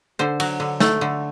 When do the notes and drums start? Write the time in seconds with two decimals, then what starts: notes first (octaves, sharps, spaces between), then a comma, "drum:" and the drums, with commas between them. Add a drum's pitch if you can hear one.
0.19 D3 C5
0.40 F#3, drum: cymbal
0.60 D3
0.80 A3, drum: snare
1.01 D3